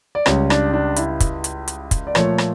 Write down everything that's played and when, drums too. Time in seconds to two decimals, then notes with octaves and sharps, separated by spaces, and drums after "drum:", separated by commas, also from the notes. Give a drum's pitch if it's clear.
0.15 D5
0.26 C#2 C#3 G3 C#5, drum: rim click
0.50 D4, drum: rim click
0.73 D4
0.96 E4, drum: hi-hat
1.20 drum: kick, hi-hat
1.44 drum: hi-hat
1.68 drum: hi-hat
1.91 drum: kick, hi-hat
2.07 D5
2.15 A#2 F3 A3 C#5, drum: rim click
2.38 drum: rim click